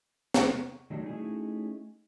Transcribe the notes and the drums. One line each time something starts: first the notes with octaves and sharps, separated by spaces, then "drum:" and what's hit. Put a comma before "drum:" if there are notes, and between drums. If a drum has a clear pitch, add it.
drum: snare
D#3 F#3 G3 A3 D4 D#4
A3 C#4 D#4 E4 F#4 G#4